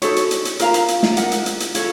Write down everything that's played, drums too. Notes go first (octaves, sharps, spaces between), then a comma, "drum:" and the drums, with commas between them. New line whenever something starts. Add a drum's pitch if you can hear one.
D#4 F#4 A4 C#5, drum: hi-hat
drum: hi-hat
drum: hi-hat
drum: hi-hat
F4 A#4 F5 A#5, drum: hi-hat
drum: hi-hat
drum: hi-hat
drum: snare
A#4 D#5 F#5, drum: hi-hat
drum: hi-hat
drum: hi-hat
drum: hi-hat
F4 A4 C#5 F5, drum: hi-hat